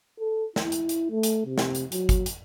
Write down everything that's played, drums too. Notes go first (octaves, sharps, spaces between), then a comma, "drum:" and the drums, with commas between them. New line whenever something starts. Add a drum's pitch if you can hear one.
A4
E4, drum: snare
drum: hi-hat
drum: hi-hat
A3
drum: hi-hat
C3
drum: snare
drum: hi-hat
F#3, drum: hi-hat
drum: kick G1, hi-hat
drum: hi-hat